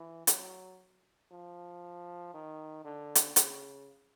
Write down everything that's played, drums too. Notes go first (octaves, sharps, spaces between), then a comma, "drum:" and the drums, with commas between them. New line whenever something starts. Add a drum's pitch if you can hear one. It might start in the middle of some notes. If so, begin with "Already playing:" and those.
Already playing: E3
F#3, drum: hi-hat
F3
D#3
D3
drum: hi-hat
C#3, drum: hi-hat